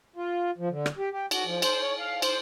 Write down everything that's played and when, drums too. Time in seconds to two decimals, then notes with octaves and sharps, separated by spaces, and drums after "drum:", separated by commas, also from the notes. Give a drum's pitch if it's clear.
0.16 F4
0.58 F3
0.70 D3
0.86 drum: rim click
0.98 G4
1.12 G4
1.31 F#4, drum: cymbal
1.45 F3
1.62 C5, drum: cymbal
1.81 C#5
2.00 F5
2.22 C5, drum: cymbal